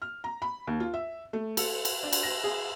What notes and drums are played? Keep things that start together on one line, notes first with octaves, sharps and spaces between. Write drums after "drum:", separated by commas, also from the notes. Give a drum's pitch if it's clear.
F6
A#5
B5
D#2
F4
E5
A3
A4, drum: cymbal
drum: cymbal
D4
drum: cymbal
A#6
G#4